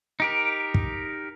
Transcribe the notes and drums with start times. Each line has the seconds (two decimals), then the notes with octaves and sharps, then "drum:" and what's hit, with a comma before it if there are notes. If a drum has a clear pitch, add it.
0.20 D#4 G4 A#4
0.74 drum: kick